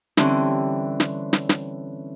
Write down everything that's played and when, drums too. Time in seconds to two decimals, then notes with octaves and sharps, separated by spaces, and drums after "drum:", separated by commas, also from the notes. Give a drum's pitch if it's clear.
0.17 D3 E3 G3 C4 C#4, drum: snare
1.00 drum: snare
1.33 drum: snare
1.49 drum: snare